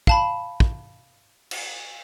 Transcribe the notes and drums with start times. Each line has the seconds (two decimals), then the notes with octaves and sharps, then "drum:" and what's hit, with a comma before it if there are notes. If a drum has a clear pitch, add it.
0.07 F5 A5 B5, drum: kick
0.60 drum: kick
1.51 drum: cymbal